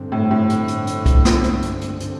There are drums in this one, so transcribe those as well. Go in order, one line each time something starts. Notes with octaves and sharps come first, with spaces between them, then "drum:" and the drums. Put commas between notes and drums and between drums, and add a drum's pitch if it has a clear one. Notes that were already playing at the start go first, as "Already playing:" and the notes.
Already playing: G2 D3 C4
A2
A2
G2 D3 C4, drum: hi-hat
drum: hi-hat
drum: hi-hat
drum: kick C2, hi-hat
G2 D3 C4, drum: snare
drum: hi-hat
drum: hi-hat
drum: hi-hat
D3 C4, drum: hi-hat